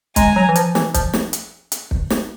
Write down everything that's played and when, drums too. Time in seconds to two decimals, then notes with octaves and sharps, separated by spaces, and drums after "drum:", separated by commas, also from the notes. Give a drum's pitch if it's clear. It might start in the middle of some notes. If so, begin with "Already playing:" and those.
0.16 G#3 G#5 A#5, drum: kick, hi-hat
0.36 F#3
0.49 E3
0.55 F3, drum: hi-hat
0.75 E3, drum: snare
0.94 F3, drum: kick, hi-hat
1.13 drum: snare
1.33 drum: hi-hat
1.72 drum: hi-hat
1.91 drum: kick
2.10 drum: snare